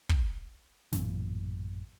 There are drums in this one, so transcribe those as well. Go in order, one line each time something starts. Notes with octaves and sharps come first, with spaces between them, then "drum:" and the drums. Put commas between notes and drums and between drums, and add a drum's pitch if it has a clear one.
drum: kick
A1 F#2 A#2 E3, drum: snare